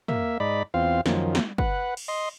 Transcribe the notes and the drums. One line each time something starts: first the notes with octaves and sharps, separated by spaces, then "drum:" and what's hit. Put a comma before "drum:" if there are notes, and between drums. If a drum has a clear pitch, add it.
A#3 E5, drum: tom
G#2 D#4 D5 B5
E2 C4 F4 F5
F#2 D#3 F3, drum: snare
drum: snare
B4 F#5, drum: kick
drum: cymbal
D#5 C6